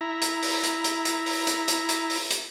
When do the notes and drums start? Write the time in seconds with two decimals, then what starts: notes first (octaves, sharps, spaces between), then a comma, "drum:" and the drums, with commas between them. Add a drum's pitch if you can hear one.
0.01 E4 A#5
0.22 drum: hi-hat
0.43 drum: open hi-hat
0.63 drum: hi-hat
0.84 drum: hi-hat
1.05 drum: hi-hat
1.26 drum: open hi-hat
1.47 drum: hi-hat
1.68 drum: hi-hat
1.89 drum: hi-hat
2.10 drum: open hi-hat
2.31 drum: hi-hat